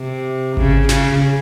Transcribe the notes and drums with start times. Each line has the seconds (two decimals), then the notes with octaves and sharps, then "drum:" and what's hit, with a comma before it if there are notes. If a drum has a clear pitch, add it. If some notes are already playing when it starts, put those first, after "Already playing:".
Already playing: C3
0.57 C#3, drum: kick G#1
0.89 C#3, drum: snare